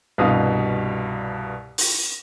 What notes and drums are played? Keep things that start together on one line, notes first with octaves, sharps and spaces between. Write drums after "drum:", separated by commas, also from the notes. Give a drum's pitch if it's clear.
C2 G2 B2 F5 D#6
drum: open hi-hat